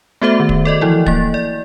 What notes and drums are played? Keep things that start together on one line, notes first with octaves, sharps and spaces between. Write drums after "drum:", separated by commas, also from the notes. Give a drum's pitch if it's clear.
A3 B3 F#4 A4 C5 E5
D#3
drum: kick
A4 D5 D#5
E3 F3 E4 A4
A#3 A6, drum: kick
D5